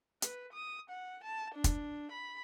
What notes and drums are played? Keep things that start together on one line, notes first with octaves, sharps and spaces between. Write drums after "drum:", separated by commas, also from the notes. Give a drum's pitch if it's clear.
B4, drum: hi-hat
D#6
F#5
A5
D4
drum: kick, hi-hat
B5